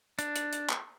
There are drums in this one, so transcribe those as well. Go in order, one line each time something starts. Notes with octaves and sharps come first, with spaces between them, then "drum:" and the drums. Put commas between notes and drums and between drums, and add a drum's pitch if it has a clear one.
D4, drum: hi-hat
drum: hi-hat
drum: hi-hat
drum: clap